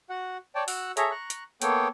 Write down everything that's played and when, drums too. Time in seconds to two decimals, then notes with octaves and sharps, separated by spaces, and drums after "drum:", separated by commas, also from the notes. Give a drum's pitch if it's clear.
0.10 F#4 F#5
0.55 C#5 D5 G5 A5
0.68 F#4 F#5 E6 F#6, drum: open hi-hat
0.97 G#4 A4 C#5 E5 A#5, drum: hi-hat
1.11 A#5 C#6 F#6
1.30 drum: hi-hat
1.62 A#3 B3 A4 C#5 G5, drum: hi-hat